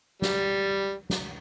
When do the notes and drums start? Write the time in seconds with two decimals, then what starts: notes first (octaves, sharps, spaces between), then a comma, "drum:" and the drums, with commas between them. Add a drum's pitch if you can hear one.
0.22 G3, drum: snare
1.10 drum: snare